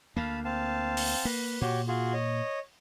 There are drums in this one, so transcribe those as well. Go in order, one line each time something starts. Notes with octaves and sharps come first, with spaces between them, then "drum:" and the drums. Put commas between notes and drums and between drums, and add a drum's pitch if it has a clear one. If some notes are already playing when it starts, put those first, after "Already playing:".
D2 A#3 F5 A5 B5
C4 F5 A5
drum: open hi-hat
A#3 B4
A#2 F#4 G4 C#5
F4 F#4 G#4
C#5 D#5